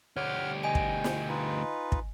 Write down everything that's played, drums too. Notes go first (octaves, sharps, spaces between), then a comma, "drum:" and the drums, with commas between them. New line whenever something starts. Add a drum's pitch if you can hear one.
D2 G4 C#5 F#5 F6
D#5 G5 G#5 D7
drum: kick
drum: snare
D#4 F4 B4
drum: kick